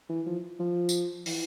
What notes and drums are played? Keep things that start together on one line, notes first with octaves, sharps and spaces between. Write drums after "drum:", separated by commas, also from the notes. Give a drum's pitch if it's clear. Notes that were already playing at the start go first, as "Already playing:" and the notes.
E3
F3
F3
drum: tambourine
E3, drum: open hi-hat